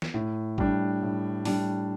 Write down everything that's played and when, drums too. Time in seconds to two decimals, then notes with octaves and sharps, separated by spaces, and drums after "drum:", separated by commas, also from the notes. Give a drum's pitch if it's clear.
0.02 drum: snare
0.14 A2
0.58 G3 D4, drum: kick
1.02 A2
1.45 G3 D4, drum: open hi-hat